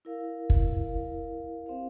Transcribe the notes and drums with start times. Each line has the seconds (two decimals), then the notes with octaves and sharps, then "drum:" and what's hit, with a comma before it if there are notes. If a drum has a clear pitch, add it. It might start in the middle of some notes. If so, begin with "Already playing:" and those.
0.05 E4 A#4 F5
0.50 drum: kick
0.86 E4 A#4 F5
1.66 C4 G4 C5 F5